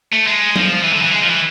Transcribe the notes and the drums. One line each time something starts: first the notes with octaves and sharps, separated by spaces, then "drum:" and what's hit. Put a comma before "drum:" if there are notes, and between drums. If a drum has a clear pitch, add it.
A3
G#3
F3, drum: tom F#3
E3
D3
E3
G#3
F3
E3